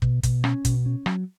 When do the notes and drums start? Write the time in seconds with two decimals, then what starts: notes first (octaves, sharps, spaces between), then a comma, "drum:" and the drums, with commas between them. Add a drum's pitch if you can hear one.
0.02 B2, drum: kick
0.23 B2, drum: kick, hi-hat
0.44 C#4, drum: rim click
0.65 B2, drum: kick, hi-hat
0.86 C#4
1.06 F#3, drum: rim click